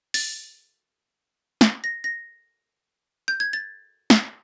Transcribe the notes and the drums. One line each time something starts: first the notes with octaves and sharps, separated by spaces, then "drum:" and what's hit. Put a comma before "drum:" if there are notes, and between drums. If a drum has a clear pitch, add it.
A6, drum: open hi-hat
drum: snare
A#6
A#6
G6
G#6
A6
drum: snare